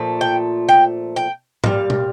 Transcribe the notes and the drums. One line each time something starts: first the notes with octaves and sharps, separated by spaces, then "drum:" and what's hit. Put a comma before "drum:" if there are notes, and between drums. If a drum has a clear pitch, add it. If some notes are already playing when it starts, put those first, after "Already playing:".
Already playing: A#2 F3 A3
G5
G5
G5
A#2 G3 F5, drum: tom G#2
drum: tom